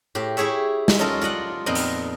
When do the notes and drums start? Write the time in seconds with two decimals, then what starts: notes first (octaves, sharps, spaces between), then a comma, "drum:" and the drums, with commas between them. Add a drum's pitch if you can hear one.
0.15 A2 G4
0.37 E4 G4 G#4 C#5 E5
0.88 drum: snare
0.99 C#4 D#4 F4 A4 A#4
1.21 F4 D5 D#5 F#5
1.66 F2 A#2 B3 D#4 A#4 D#5
1.75 drum: hi-hat